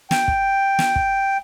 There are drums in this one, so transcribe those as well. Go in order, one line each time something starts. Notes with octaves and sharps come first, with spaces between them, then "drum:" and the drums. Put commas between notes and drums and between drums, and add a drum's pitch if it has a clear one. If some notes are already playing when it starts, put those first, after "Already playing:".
G5, drum: snare
drum: kick
drum: snare
drum: kick